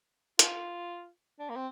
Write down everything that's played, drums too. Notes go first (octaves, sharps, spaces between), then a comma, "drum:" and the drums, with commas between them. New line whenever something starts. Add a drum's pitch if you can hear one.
F4, drum: hi-hat
D4
A#3
C4